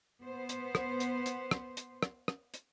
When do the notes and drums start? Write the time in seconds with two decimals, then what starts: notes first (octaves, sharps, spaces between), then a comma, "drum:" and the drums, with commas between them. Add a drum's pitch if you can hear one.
0.24 B3 C5
0.49 drum: hi-hat
0.75 drum: rim click
1.00 drum: hi-hat
1.26 drum: hi-hat
1.51 drum: rim click
1.77 drum: hi-hat
2.03 drum: rim click
2.28 drum: rim click
2.54 drum: hi-hat